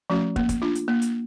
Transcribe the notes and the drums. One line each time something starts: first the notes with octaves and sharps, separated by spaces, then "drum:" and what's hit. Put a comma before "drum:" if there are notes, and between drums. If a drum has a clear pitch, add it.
F3 A3 C#4 F#4
A#3, drum: kick
drum: kick, hi-hat
D4 F4
drum: hi-hat
A#3
drum: hi-hat